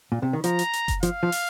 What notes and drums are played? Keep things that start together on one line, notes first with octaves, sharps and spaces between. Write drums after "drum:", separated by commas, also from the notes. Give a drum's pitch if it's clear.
A#2
C3
D#3
F3 A#5, drum: hi-hat
drum: hi-hat
drum: hi-hat
drum: kick F#1, hi-hat
F3 F5, drum: hi-hat
F3
drum: open hi-hat